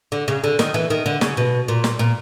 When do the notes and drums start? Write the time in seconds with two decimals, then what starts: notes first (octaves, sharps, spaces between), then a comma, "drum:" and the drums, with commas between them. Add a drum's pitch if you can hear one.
0.12 D3
0.28 C#3
0.44 D3
0.59 D#3, drum: snare
0.74 E3
0.90 D#3
1.06 D3
1.21 C#3, drum: snare
1.37 B2
1.68 A#2
1.84 drum: snare
1.99 A#2